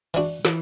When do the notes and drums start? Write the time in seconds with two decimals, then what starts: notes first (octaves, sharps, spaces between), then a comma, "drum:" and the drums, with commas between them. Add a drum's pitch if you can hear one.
0.14 E3 D4 F#4, drum: cymbal
0.45 E3, drum: snare